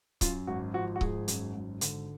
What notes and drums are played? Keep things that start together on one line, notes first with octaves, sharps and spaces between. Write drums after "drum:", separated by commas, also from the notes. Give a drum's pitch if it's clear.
F#2 F4, drum: kick C#1, hi-hat
G#1 F#4
F3 F#4
F#4
G#1 G#4, drum: kick C#1
F#2, drum: hi-hat
G#1
D3, drum: hi-hat